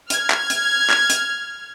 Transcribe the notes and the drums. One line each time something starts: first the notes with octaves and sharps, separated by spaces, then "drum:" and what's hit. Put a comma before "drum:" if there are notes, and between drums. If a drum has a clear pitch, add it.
F6 G#6, drum: hi-hat
drum: clap
drum: hi-hat
drum: clap
drum: hi-hat